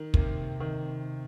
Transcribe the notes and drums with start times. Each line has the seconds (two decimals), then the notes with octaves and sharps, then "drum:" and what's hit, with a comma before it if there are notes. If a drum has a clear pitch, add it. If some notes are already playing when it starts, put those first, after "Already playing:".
Already playing: D#3
0.14 C3 A#3, drum: kick
0.60 D#3